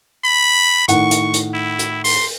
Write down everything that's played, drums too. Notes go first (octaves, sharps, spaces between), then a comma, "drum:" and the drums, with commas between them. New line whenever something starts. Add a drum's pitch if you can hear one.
B5
A2 D#3 F#5 C#6, drum: hi-hat
drum: hi-hat
drum: hi-hat
E4
drum: hi-hat
C6, drum: open hi-hat